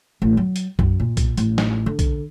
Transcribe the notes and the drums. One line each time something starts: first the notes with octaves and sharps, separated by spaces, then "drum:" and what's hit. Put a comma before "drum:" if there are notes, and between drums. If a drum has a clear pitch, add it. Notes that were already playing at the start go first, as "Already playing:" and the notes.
A1
F#3
drum: hi-hat
F#2, drum: kick
A#2
drum: kick, hi-hat
A1, drum: hi-hat
drum: snare
D3
drum: kick, hi-hat